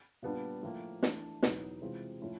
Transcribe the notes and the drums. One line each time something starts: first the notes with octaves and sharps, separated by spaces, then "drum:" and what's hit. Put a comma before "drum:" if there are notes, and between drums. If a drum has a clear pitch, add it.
A#2 G3 B3 D4
A2 F3 A#3
E3 A3 D4, drum: snare
E2 B2 F#3 B3 D#4, drum: snare
C3 E3 G#3 C4 F4
A2 F3 A3 C#4 E4